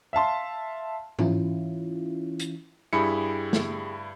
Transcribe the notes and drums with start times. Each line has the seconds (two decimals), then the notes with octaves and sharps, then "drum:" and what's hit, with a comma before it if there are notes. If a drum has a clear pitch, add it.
0.13 E5 F5 A5 C6
1.19 E3 C#4 E4 F4, drum: tom G#2
2.40 drum: hi-hat
2.93 G2 E4 G4 G#4 B5 C#7
3.53 drum: snare